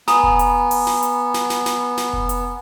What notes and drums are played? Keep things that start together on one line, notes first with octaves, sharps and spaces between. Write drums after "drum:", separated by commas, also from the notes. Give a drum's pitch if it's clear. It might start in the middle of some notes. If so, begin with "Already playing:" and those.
B3 G#5 A#5 B5 D#6, drum: snare
drum: kick F1
drum: hi-hat
drum: open hi-hat
drum: snare
drum: hi-hat
drum: snare
drum: snare
drum: snare
drum: snare
drum: kick F1
drum: hi-hat